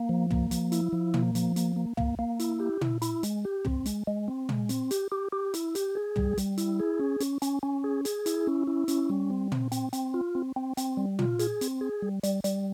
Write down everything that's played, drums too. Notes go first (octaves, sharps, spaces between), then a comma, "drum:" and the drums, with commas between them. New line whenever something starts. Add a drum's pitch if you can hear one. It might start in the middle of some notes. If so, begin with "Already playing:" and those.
Already playing: A#3
F3
A#3, drum: tom
F3, drum: hi-hat
E4, drum: hi-hat
F3
A#3, drum: tom
F3, drum: hi-hat
A#3, drum: hi-hat
A#3
A#3, drum: tom
A#3
E4, drum: hi-hat
G4
E4, drum: tom
E4, drum: hi-hat
G#3, drum: hi-hat
G4
C4, drum: tom
G#3, drum: hi-hat
G#3
C4
G#3, drum: tom
C4, drum: hi-hat
G4, drum: hi-hat
G4
G4
E4, drum: hi-hat
G4, drum: hi-hat
G#4
G3, drum: tom
G3, drum: hi-hat
E4, drum: hi-hat
G#4
C#4
C#4, drum: hi-hat
C#4, drum: hi-hat
C#4
G#4
G#4, drum: hi-hat
E4, drum: hi-hat
C#4
E4
C#4, drum: hi-hat
G3
C4
C4, drum: tom
C4, drum: hi-hat
C4, drum: hi-hat
F4
C4
C4
C4, drum: hi-hat
G3
F4, drum: tom
G#4, drum: hi-hat
C4, drum: hi-hat
G#4
G3
G3, drum: hi-hat
G3, drum: hi-hat